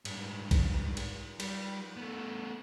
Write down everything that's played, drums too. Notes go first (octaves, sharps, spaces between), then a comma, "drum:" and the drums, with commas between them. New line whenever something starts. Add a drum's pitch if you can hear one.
G#2 G3, drum: cymbal
drum: kick B1, cymbal
drum: cymbal
G3, drum: cymbal
A3 B3